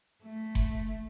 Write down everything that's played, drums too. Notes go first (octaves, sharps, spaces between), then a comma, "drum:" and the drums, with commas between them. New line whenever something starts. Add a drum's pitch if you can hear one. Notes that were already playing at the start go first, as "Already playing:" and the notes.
A3
drum: kick F#1